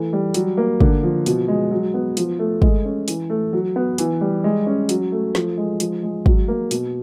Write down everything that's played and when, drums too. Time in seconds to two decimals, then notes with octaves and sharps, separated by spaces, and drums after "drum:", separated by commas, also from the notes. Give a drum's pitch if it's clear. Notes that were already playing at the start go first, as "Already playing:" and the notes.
Already playing: E3 A3
0.13 G3
0.34 F#3, drum: hi-hat
0.57 A#3
0.80 D3, drum: kick
1.03 F3
1.26 B2, drum: hi-hat
1.48 G#3
1.71 F#3
1.94 B3
2.17 F3, drum: hi-hat
2.39 A3
2.62 G#3, drum: kick
2.85 C#4
3.08 E3, drum: hi-hat
3.30 A3
3.53 F#3
3.76 B3
3.98 E3, drum: hi-hat
4.21 G3
4.44 G#3
4.66 C#4
4.89 F#3, drum: hi-hat
5.12 A3
5.35 F3, drum: snare
5.58 G#3
5.80 F3, drum: hi-hat
6.03 G#3
6.26 F#3, drum: kick
6.48 A#3
6.71 B2, drum: hi-hat